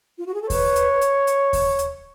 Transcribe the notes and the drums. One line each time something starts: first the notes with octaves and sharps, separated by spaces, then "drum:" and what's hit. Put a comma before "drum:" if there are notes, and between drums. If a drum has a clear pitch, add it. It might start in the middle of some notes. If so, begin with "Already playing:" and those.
F4
F#4
G#4
A4
B4 C#5, drum: kick D#2, open hi-hat
drum: hi-hat
drum: hi-hat
drum: hi-hat
drum: kick D#2, open hi-hat
drum: hi-hat